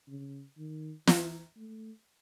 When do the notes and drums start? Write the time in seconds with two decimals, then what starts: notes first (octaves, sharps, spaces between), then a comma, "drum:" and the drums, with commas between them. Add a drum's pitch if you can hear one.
0.08 C#3
0.58 D#3
1.07 E3, drum: snare
1.57 A3